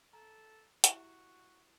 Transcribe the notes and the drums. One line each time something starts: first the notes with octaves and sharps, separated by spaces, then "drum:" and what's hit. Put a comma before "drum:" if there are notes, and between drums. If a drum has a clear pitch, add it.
A4 A#5
E4 F#4 G4 E5, drum: hi-hat